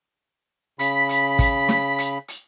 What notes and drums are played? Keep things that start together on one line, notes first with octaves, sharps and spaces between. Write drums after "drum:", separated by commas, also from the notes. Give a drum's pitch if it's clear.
C#3 B5 B6, drum: hi-hat
drum: hi-hat
drum: kick, hi-hat
drum: snare
drum: hi-hat
drum: hi-hat